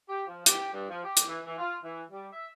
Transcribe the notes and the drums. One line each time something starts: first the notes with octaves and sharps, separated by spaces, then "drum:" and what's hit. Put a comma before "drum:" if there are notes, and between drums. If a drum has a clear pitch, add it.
G4
F3
G4, drum: hi-hat
G2
F3
G4
drum: hi-hat
E3
E3
F4
E3
G3
E5